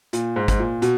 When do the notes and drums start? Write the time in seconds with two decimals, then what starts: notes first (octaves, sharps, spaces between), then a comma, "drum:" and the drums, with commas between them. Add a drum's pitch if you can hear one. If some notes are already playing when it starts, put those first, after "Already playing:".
0.13 A#2, drum: hi-hat
0.36 G#2
0.48 G#2, drum: kick, hi-hat
0.59 A#2
0.82 B2, drum: hi-hat